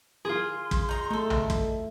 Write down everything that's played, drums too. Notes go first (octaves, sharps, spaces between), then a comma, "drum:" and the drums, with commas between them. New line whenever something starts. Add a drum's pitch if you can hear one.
F4 G#4 C6
drum: kick
D#4 A#5
A3 D#4 A4
drum: tom B1
drum: kick